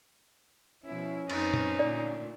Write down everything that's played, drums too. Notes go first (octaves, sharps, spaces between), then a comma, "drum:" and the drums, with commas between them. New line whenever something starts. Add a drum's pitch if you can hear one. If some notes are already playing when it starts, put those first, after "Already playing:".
B2 F3 C#4 E4
F#2 C4 D#4 B4, drum: cymbal
drum: tom
A#2 D3 A3 D5